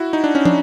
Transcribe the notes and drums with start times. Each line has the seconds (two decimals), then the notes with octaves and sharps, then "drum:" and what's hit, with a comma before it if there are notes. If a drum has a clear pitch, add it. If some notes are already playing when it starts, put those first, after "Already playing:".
Already playing: E4 F#4
0.13 D#4
0.24 D4
0.35 C#4
0.45 D4, drum: tom